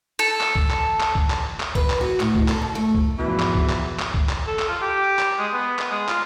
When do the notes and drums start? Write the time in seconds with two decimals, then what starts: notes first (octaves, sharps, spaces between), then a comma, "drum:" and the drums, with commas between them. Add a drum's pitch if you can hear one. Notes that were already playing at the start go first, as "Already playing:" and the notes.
0.19 A4
0.41 drum: clap
0.56 drum: kick C2
0.70 drum: clap
1.00 drum: clap
1.15 drum: kick C2
1.30 drum: clap
1.60 drum: clap
1.75 B4, drum: kick C2
1.90 drum: clap
2.01 F#4
2.20 A2, drum: clap
2.35 drum: kick C2
2.48 A4, drum: clap
2.62 B2
2.75 A3
2.95 drum: kick C2
3.18 E2 G#2 B2 E3 F3
3.40 drum: clap
3.55 drum: kick C2
3.69 drum: clap
3.99 drum: clap
4.14 drum: kick C2
4.29 drum: clap
4.47 A4
4.59 drum: clap
4.69 F4
4.81 G4
5.19 drum: clap
5.38 G#3
5.53 B3
5.79 drum: clap
5.90 G#3
6.09 F4, drum: clap